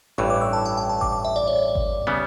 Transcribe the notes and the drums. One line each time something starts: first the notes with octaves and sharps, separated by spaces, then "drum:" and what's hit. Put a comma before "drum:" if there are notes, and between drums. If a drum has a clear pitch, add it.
A1 G2 E3 C#6
D6
E6
A5
G5
G5
A5
D6, drum: kick G#1
D6
E5
D5
C#5
drum: kick G#1
C#3 G3 B3